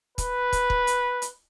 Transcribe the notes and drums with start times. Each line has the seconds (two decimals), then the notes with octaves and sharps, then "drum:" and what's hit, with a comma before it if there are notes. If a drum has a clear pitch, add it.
0.18 B4, drum: kick, hi-hat
0.53 drum: kick, hi-hat
0.70 drum: kick
0.87 drum: hi-hat
1.22 drum: hi-hat